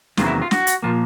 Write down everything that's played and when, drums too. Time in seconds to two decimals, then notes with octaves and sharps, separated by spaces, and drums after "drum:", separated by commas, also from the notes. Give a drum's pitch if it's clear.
0.17 E2 C3 D#3 F#3 A#3 F4, drum: snare
0.26 E4
0.42 F4
0.51 F#4, drum: snare
0.67 drum: hi-hat
0.83 A#2 F3 A#3 F4